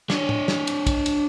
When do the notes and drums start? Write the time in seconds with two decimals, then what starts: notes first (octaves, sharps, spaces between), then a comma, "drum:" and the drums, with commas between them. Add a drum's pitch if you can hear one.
0.10 D4 C#5, drum: snare
0.29 drum: tom A2
0.48 drum: snare
0.67 drum: cymbal
0.87 drum: kick, cymbal
1.06 drum: cymbal